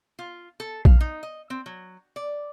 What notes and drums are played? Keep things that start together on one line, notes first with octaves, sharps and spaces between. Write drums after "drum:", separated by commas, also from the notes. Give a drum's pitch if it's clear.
F4
A4
F5, drum: kick A#1
D#4
D#5
C4
F#3
D5